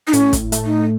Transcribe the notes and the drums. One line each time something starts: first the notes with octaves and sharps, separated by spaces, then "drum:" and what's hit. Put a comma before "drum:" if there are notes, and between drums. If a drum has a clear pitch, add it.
D#4
A2 C#4, drum: hi-hat
drum: kick, hi-hat
A3, drum: hi-hat
D#4